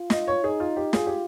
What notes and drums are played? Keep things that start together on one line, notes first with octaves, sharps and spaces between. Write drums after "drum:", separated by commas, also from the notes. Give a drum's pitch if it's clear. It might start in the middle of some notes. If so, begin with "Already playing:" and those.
Already playing: F4
D#5, drum: snare
C#5
D#4 G#4
F4
G4
F4 G#4, drum: snare
G4